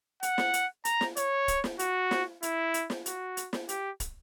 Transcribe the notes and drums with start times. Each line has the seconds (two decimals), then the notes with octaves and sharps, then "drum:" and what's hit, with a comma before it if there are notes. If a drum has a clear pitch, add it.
0.23 F#5, drum: hi-hat
0.38 drum: snare
0.54 drum: hi-hat
0.85 A#5, drum: hi-hat
1.01 drum: snare
1.17 C#5, drum: hi-hat
1.48 drum: kick, hi-hat
1.64 drum: snare
1.79 F#4, drum: hi-hat
2.11 drum: snare
2.43 E4, drum: hi-hat
2.74 drum: hi-hat
2.90 drum: snare
3.06 F#4, drum: hi-hat
3.37 drum: hi-hat
3.53 drum: snare
3.69 G4, drum: hi-hat
4.00 drum: kick, hi-hat